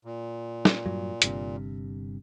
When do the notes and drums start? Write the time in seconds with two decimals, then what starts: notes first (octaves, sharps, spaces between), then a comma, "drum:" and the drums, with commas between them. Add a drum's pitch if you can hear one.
0.05 A#2
0.65 drum: snare
0.86 G2 F#3
1.22 G1 G2 C3, drum: hi-hat